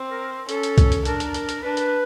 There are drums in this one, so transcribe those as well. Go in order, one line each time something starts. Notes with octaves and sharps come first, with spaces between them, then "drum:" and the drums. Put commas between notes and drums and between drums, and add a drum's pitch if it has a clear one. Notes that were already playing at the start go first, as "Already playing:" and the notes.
Already playing: C4
A#4
C#4 A4, drum: hi-hat
drum: hi-hat
drum: kick C2, hi-hat
drum: hi-hat
D4 A#4, drum: hi-hat
drum: hi-hat
drum: hi-hat
drum: hi-hat
D4 B4
drum: hi-hat